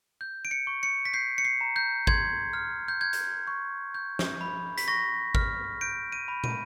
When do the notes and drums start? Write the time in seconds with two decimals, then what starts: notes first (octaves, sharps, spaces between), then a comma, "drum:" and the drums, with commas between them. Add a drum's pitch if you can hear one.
0.21 G6
0.45 D7
0.51 C#7
0.67 C#6
0.83 C#7
1.05 B6
1.14 G6 C7
1.38 C#7
1.45 C7
1.61 A#5
1.76 G6
2.07 C6 G#6, drum: kick G#1
2.53 F6
2.88 G6
3.01 G6 G#6
3.13 drum: hi-hat
3.47 C#6
3.94 G6
4.19 drum: snare
4.41 B5
4.78 B6, drum: hi-hat
4.88 C#6 A#6
5.35 F6, drum: kick G#1
5.81 G6 D7
6.12 D#7
6.28 B5
6.44 D#7, drum: tom